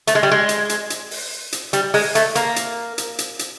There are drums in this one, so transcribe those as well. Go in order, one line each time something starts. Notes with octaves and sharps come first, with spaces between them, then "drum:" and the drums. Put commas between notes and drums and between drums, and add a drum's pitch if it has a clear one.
A3, drum: hi-hat
G#3
G3
G#3
drum: hi-hat
drum: hi-hat
drum: hi-hat
drum: open hi-hat
drum: hi-hat
G3, drum: hi-hat
G#3, drum: open hi-hat
A3, drum: hi-hat
A#3, drum: hi-hat
drum: hi-hat
drum: hi-hat
drum: hi-hat
drum: hi-hat